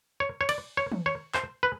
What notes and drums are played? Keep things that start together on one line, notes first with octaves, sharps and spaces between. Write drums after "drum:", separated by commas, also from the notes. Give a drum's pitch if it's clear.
C#5
C#5
D5, drum: cymbal
C#5
drum: tom
C#5
C5, drum: clap
B4